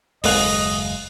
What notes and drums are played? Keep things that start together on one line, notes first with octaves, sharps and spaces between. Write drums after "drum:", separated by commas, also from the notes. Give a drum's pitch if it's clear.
F#1 D#2 G#3 D#5 F5 F#6, drum: open hi-hat